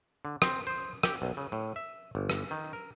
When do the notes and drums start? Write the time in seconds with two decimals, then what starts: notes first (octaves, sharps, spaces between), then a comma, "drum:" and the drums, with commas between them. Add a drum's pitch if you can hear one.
0.25 D3
0.42 C4, drum: rim click
0.67 C5
1.03 G4, drum: rim click
1.22 B1
1.37 C#3
1.52 A2
1.76 E5
2.15 G1
2.30 drum: rim click
2.51 D#3
2.73 A#4